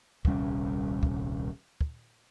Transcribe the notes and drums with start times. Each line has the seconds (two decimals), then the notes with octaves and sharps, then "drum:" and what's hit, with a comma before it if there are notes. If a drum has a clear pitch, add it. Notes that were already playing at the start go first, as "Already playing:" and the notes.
0.25 D#1 C2 G3 C#4, drum: kick
1.03 drum: kick
1.81 drum: kick